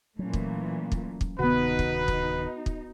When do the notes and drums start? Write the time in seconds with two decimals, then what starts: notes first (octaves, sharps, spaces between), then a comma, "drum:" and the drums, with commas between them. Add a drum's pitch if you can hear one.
0.19 A#2 E3 F#3 A3 C#4
0.33 drum: kick
0.92 drum: kick
1.21 drum: kick
1.39 D1 C3 D#3 B3 D#4 F#4 B4
1.79 drum: kick
2.08 drum: kick
2.66 drum: kick